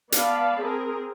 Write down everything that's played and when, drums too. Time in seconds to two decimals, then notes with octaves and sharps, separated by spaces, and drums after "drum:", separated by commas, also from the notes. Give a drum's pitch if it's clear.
0.12 B3 D5 F5 A5 B5, drum: hi-hat
0.60 C4 G#4 A#4